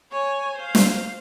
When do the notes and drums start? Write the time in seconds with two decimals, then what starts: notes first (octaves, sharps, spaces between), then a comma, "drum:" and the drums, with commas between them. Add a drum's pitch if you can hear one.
0.11 C#5 G#5
0.56 C5 F5
0.75 drum: snare